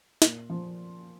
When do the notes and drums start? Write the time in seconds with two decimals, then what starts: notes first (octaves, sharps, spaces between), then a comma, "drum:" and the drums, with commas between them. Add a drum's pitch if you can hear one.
0.22 A#2, drum: snare
0.50 F3